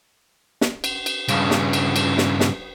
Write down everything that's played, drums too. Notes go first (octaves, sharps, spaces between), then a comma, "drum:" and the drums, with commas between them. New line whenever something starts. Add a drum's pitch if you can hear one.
drum: snare
drum: cymbal
drum: cymbal
G2 C#3, drum: cymbal
drum: snare
drum: cymbal
drum: cymbal
drum: snare
drum: snare